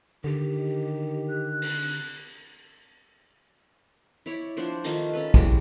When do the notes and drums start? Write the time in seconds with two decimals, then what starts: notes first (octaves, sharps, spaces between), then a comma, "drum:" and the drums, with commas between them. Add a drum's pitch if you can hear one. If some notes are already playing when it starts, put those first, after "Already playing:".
0.24 D3 D#3 G4
1.30 F#6
1.62 drum: open hi-hat
4.26 E4 C#5 D5
4.57 F3 D4 C5 F#5
4.84 D#3 A3 D#4 F4, drum: hi-hat
5.14 C#4 A4 B4
5.34 E3 G#3 F#4 G4, drum: kick